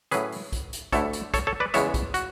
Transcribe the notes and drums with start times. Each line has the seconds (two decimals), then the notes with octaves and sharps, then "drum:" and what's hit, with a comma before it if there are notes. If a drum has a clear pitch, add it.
0.11 A2 F#3 C#4 G#4 B4, drum: hi-hat
0.32 drum: open hi-hat
0.52 drum: kick, hi-hat
0.73 drum: hi-hat
0.92 D2 D3 A3 E4 A4 C#5, drum: kick, hi-hat
1.13 drum: hi-hat
1.34 A4 C#5, drum: kick, hi-hat
1.47 A4 C#5
1.60 B4 D5
1.74 E2 C#3 G#3 B3 E4 C#5 E5, drum: hi-hat
1.94 drum: kick, hi-hat
2.14 F#4, drum: hi-hat